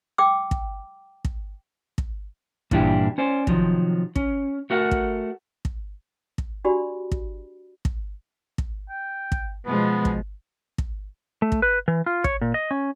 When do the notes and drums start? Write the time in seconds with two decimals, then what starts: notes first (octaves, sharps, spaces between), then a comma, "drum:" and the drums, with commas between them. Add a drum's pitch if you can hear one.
0.18 G5 D6 E6
0.51 drum: kick
1.25 drum: kick
1.98 drum: kick
2.71 G2 A#2 E3 D4 E4 G4, drum: kick
3.18 C#4 C5 D5
3.47 C3 D#3 F3 F#3, drum: kick
4.16 C#4, drum: kick
4.70 A3 F#4 A#4 F5 F#5
4.91 drum: kick
5.65 drum: kick
6.38 drum: kick
6.65 D4 F#4 G4 D5 B5
7.11 drum: kick
7.85 drum: kick
8.58 drum: kick
8.89 G5
9.32 drum: kick
9.66 B2 F3 G#3 B3
10.05 drum: kick
10.78 drum: kick
11.42 A3
11.52 drum: kick
11.62 B4
11.88 E3
12.06 F4
12.24 C#5, drum: kick
12.41 A#2
12.54 D#5
12.71 C#4